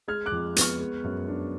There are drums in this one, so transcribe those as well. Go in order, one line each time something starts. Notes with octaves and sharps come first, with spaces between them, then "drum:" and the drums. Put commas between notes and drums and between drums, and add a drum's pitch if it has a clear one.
G#3 F6 G#6
D6 F#6
F2
B3 C#6 F6, drum: hi-hat
G#3
F#2
D4